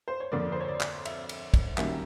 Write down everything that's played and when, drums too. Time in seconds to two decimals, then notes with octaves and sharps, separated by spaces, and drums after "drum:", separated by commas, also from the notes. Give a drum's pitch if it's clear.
0.08 C5
0.20 C#5
0.32 F2 D3 F3 A#3 D5
0.52 C5
0.61 C#5
0.68 D5
0.81 drum: clap
1.05 E5, drum: cymbal
1.29 drum: cymbal
1.54 drum: kick, cymbal
1.78 F#2 D#3 G3 A#3 C#4 E5, drum: clap